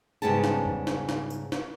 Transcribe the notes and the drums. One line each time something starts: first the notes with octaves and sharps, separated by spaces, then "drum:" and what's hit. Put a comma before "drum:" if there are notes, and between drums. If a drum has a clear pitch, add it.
G#2 C#3 G3 B3 A5
drum: snare
drum: tom E2
drum: snare
drum: snare
drum: tambourine
drum: snare